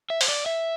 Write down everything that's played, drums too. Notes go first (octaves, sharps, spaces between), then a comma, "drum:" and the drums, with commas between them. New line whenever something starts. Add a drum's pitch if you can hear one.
E5
C5, drum: open hi-hat
D5
E5